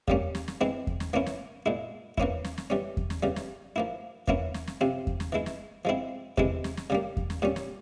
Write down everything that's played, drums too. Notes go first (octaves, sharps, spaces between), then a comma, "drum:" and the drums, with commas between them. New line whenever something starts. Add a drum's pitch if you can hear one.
C#3 G3 A#3 C#4, drum: kick E2
drum: snare
drum: snare
E3 G#3 C4 E4
drum: kick E2
drum: snare
E3 A#3 C#4 E4
drum: snare
A#2 G#3 E4
E3 A#3 C#4 E4, drum: kick E2
drum: snare
drum: snare
E3 G3 C#4
drum: kick E2
drum: snare
C#3 E3 G3
drum: snare
F3 A#3 E4
E3 A#3 C#4 E4, drum: kick E2
drum: snare
drum: snare
C3 F3 C4
drum: kick E2
drum: snare
E3 G#3 E4
drum: snare
F3 G#3 C4 E4
C3 E3 G#3 E4, drum: kick E2
drum: snare
drum: snare
C#3 G3 A#3
drum: kick E2
drum: snare
A#2 G3 C#4
drum: snare